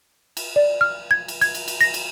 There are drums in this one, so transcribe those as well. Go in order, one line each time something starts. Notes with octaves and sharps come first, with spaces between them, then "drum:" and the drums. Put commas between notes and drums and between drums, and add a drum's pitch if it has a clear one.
drum: cymbal
D5
F6
G#6
drum: cymbal
G#6, drum: cymbal
drum: cymbal
drum: cymbal
A#6, drum: cymbal
drum: cymbal